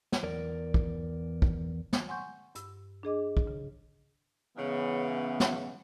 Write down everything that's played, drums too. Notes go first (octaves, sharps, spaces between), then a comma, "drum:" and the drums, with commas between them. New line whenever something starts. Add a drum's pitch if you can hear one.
drum: snare
E2 A#4 D5
drum: kick
drum: kick
drum: snare
F#5 G#5 C6 C#6 G6
G2 E6, drum: hi-hat
D4 G#4 D#5 D6
drum: kick
C#3
G#2 C#3 E3 B3
drum: snare